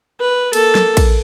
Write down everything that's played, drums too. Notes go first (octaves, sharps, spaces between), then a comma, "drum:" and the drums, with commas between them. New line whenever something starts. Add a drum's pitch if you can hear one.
B4
A#3 A4, drum: cymbal
drum: snare
drum: kick A#1, cymbal